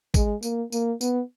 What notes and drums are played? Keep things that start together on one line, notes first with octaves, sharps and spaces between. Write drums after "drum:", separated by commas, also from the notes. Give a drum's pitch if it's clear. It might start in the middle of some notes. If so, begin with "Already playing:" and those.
G#3, drum: kick, tambourine
A#3, drum: tambourine
A#3, drum: tambourine
B3, drum: tambourine